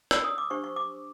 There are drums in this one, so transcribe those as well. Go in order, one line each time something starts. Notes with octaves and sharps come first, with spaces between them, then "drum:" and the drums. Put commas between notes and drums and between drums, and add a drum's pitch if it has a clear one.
E6, drum: rim click
D#6
D6
D4 G4 C5 C#6
C#6
D6